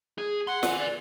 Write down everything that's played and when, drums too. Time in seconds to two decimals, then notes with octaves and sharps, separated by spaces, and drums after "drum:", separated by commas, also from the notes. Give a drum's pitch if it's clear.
0.18 G#4
0.47 F#5 C6
0.63 B4 G#5, drum: snare
0.79 D5